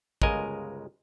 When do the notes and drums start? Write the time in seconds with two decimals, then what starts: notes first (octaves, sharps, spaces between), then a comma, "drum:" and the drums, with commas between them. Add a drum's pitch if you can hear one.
0.22 G1 C#2 G#3 A#4 D#5 G#5, drum: kick